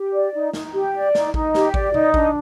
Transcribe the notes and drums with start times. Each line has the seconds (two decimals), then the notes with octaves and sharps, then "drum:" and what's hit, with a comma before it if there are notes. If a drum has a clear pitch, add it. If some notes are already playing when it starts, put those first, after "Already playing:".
Already playing: G4
0.13 D5
0.34 D#4
0.53 D#4, drum: snare
0.74 G4
0.94 D5
1.15 D#4, drum: snare
1.34 D#4, drum: kick A1
1.55 G4, drum: snare
1.74 D5, drum: kick A1
1.94 D#4, drum: tom B2
2.14 D4, drum: kick A1